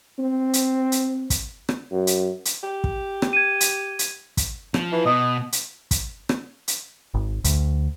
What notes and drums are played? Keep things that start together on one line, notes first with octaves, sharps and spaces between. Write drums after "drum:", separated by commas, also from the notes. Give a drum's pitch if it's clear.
C4
drum: hi-hat
drum: hi-hat
drum: kick, hi-hat
drum: rim click
F#2
drum: hi-hat
drum: hi-hat
G4
drum: kick
drum: rim click
G#6 D#7
drum: hi-hat
drum: hi-hat
drum: kick, hi-hat
F3, drum: rim click
E3
B2 D#5
drum: hi-hat
drum: kick, hi-hat
drum: rim click
drum: hi-hat
G#1
D2, drum: kick, hi-hat